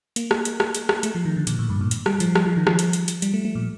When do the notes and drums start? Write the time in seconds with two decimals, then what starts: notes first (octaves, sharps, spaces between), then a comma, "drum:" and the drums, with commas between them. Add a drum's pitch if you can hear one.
0.16 A#3, drum: hi-hat
0.31 drum: rim click
0.45 drum: hi-hat
0.60 drum: rim click
0.75 drum: hi-hat
0.89 drum: rim click
1.03 A3, drum: hi-hat
1.15 F3
1.25 D#3
1.37 D3
1.47 A#2, drum: hi-hat
1.59 A2
1.69 G2
1.81 A#2
1.91 drum: hi-hat
2.06 G3, drum: rim click
2.20 F3, drum: hi-hat
2.35 G3, drum: rim click
2.46 F3
2.57 D#3
2.67 F3, drum: rim click
2.79 drum: hi-hat
2.93 drum: hi-hat
3.08 drum: hi-hat
3.22 G3, drum: hi-hat
3.34 A3
3.45 A3
3.55 A#2